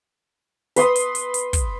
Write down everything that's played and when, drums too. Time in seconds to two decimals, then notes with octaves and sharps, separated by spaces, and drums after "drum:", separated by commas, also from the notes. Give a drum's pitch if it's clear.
0.76 B4 C6 D#6, drum: hi-hat
0.96 drum: hi-hat
1.15 drum: hi-hat
1.34 drum: hi-hat
1.53 drum: kick, hi-hat